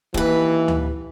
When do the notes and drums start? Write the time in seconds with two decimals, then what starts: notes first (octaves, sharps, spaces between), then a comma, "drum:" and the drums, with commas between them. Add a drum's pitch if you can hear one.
0.14 D#2 E3 B4, drum: kick
0.68 drum: tom D2